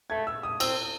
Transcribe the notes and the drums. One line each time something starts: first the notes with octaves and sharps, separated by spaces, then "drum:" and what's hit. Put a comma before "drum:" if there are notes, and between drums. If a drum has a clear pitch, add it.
A3 G#6
E6
D#6
C4 E6, drum: cymbal